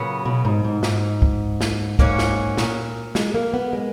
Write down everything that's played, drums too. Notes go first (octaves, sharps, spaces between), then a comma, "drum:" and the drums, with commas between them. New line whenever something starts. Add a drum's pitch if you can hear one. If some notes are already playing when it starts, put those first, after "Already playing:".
Already playing: A#2 C#3 F#3 B3
B2
G#2
G#2
G#2, drum: snare
drum: kick
drum: snare
G#2 A#3 C#4 F#4 C#5, drum: kick
drum: snare
A#2, drum: snare
G#3, drum: snare
A#3
B3
G#3